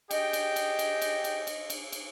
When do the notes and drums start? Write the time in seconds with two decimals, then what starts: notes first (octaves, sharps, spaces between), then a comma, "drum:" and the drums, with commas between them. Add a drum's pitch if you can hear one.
0.11 G4 G#4 D#5 G5, drum: cymbal
0.33 drum: cymbal
0.56 drum: cymbal
0.79 drum: cymbal
1.02 drum: cymbal
1.24 drum: cymbal
1.47 drum: cymbal
1.70 drum: cymbal
1.92 drum: cymbal